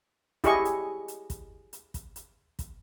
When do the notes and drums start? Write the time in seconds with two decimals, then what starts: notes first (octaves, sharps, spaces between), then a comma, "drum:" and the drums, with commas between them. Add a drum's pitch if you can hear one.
0.44 E4 G4 G#4 D#5 C#6, drum: kick, hi-hat
0.65 drum: hi-hat
1.08 drum: hi-hat
1.30 drum: kick, hi-hat
1.73 drum: hi-hat
1.94 drum: kick, hi-hat
2.16 drum: hi-hat
2.59 drum: kick, hi-hat